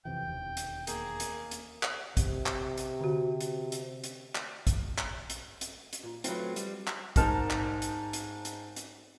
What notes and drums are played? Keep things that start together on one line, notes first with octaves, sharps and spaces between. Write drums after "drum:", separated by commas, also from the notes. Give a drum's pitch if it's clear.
F2 C3 E3 G5
E1 D#2
drum: hi-hat
A#3 G#4, drum: hi-hat
drum: hi-hat
drum: hi-hat
drum: clap
C3, drum: kick, hi-hat
drum: clap
drum: hi-hat
D3 F#4
drum: hi-hat
drum: hi-hat
drum: hi-hat
drum: clap
drum: kick, hi-hat
drum: clap
drum: hi-hat
drum: hi-hat
drum: hi-hat
A#2
F#3 A3 C4 F4 B4, drum: hi-hat
G3, drum: hi-hat
drum: clap
G#2 D#4 A#4 A5 F6, drum: kick, hi-hat
drum: clap
drum: hi-hat
drum: hi-hat
drum: hi-hat
drum: hi-hat